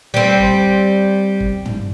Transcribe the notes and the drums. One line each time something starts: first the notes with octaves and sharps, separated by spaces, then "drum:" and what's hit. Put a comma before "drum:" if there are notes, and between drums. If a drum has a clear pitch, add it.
G3 C4
drum: kick G1
drum: kick G1
drum: tom